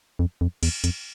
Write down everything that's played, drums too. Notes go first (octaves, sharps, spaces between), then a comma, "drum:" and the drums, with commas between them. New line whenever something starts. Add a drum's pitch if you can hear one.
F2
F2
E2, drum: cymbal
F2, drum: hi-hat